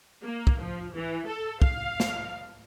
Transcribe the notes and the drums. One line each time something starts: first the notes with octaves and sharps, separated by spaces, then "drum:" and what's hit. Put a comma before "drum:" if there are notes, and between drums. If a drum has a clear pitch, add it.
A#3
drum: kick
F3
E3
A4
F5, drum: kick
drum: snare